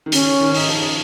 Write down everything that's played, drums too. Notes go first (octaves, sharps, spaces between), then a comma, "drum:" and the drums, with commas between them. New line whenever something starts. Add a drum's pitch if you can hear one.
D#3
C#3 C#4, drum: hi-hat
D#3
D#4, drum: open hi-hat
F3